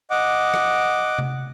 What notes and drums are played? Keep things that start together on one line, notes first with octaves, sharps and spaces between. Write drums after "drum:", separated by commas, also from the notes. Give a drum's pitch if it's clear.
D#5 F#5 D6
drum: rim click
drum: tom C3